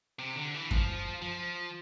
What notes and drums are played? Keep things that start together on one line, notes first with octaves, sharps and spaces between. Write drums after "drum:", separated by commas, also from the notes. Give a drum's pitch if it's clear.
C3
D3
E3
F3, drum: kick F#2
F3